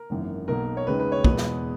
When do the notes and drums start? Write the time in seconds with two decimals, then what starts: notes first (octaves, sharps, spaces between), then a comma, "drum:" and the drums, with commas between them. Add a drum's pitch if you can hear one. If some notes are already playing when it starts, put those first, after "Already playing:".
Already playing: A#4
0.10 G#1 F#2 E3 A#3
0.48 B1 B2 A#3 A#4
0.77 C#5
0.87 D#2 C#3 G#3 B4
1.00 B4
1.12 C#5
1.24 E2 B2 G#3 B3 B4, drum: kick
1.37 drum: snare